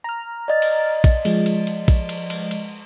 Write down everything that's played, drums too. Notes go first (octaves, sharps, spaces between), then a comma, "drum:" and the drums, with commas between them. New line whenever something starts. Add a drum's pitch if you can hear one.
A#5 F6
D5 D#5 A6
drum: cymbal
drum: kick A#1, cymbal
F3 G#3, drum: cymbal
drum: cymbal
drum: cymbal
drum: kick A#1, cymbal
drum: cymbal
drum: cymbal
drum: cymbal